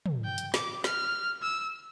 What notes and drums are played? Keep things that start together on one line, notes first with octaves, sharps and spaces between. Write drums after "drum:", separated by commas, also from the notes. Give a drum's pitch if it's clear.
drum: tom
G5
drum: hi-hat
D6, drum: snare
F6, drum: snare
E6